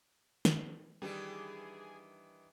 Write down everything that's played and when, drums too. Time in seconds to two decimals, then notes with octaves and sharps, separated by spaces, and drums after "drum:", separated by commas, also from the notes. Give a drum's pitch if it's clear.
0.45 drum: snare
1.02 D#3 E3 G3 D4 G#4